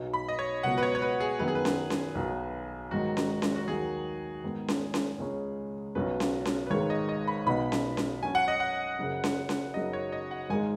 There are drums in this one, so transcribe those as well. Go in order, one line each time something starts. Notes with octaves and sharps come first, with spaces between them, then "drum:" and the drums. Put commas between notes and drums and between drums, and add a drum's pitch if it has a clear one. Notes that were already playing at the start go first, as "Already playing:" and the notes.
Already playing: B1 B2 F#3 D#4
B5
D#5
C#5
C#2 B2 F#3 B3 F#5
B4
C#5
C#5
B4
G#4
F#2 D#3 B3 B4
G#4
B4
drum: snare C#4
drum: snare C#4
B1 B2 F#3
G#2 D#3 F#3 D#4 F#4
drum: snare C#4
drum: snare C#4
F#4
D#2 D#3 F#3 G#4
G#2 D#3 B3
drum: snare C#4
drum: snare C#4
C#2 C#3 G#3 C#4
B1 B2 F#3 C#4 B4
drum: snare C#4
drum: snare C#4
B4
G#1 G#2 D#3 G#3 C#5
D#5
D#5
B5
B1 B2 B3 D#4 B5
drum: snare C#4
drum: snare C#4
F#2 F#3 C#4 G#5
F#5
D#5
F#5
F#1 F#2 C#3
drum: snare C#4
drum: snare C#4
F#1 F#2 C#3 F#3 D#4 D#5
C#5
D#5
F#5
G#1 G#2 G#3 D#4 G#5